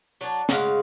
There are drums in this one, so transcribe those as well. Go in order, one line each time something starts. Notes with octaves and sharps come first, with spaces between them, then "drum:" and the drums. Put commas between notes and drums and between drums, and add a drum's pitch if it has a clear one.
F#3 D4
C#3 G#3 F#4 F5, drum: snare